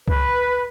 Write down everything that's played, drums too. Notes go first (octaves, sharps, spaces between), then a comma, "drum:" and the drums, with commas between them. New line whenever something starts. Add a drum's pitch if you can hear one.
B4, drum: kick C#2